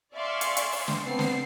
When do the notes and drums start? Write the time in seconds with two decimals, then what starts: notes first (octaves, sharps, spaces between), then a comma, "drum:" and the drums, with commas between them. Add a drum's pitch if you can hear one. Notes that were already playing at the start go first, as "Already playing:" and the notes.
0.14 D5 E5 F5 G#5 C6 C#6
0.41 drum: hi-hat
0.57 drum: hi-hat
0.72 drum: open hi-hat
0.88 drum: snare
1.03 B3 C4 A5 C7
1.19 drum: snare